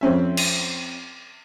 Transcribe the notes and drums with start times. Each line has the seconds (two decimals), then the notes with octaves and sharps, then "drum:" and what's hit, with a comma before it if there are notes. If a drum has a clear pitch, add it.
0.01 F2 C4 C#4 E5
0.37 drum: cymbal